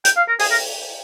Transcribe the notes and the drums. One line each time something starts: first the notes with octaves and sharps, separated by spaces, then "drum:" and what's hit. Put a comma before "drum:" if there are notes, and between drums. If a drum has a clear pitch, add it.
G5, drum: hi-hat
F5
A#4
G#4, drum: open hi-hat
A#4